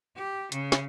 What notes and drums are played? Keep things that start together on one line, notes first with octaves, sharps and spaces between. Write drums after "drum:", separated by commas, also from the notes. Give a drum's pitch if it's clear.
G4
C#3, drum: hi-hat
drum: snare